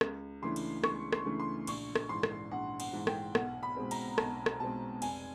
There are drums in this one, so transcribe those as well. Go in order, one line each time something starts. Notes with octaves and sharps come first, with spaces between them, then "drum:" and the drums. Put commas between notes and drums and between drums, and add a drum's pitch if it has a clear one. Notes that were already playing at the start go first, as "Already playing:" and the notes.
C#2, drum: rim click
C#3 E3 A3 D4 C6
drum: cymbal
C#2 C#6, drum: rim click
C6, drum: rim click
C#3 E3 A3 D4
C6
A#1 C#6, drum: cymbal
drum: rim click
G#2 E3 C6
drum: rim click
A#1 F#5
F#5, drum: cymbal
G#2 E3
G5, drum: rim click
B1 F#5, drum: rim click
B5
B2 G#3 C4
A#5, drum: cymbal
B1 A5, drum: rim click
drum: rim click
B2 G#3 C4 A5
F1 G#5, drum: cymbal